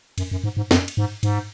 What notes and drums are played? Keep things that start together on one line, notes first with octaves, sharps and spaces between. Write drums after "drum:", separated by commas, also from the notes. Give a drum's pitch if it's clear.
F#2, drum: cymbal
F#2
G#2
G#2
F#2, drum: snare
drum: cymbal
G#2
G#2, drum: cymbal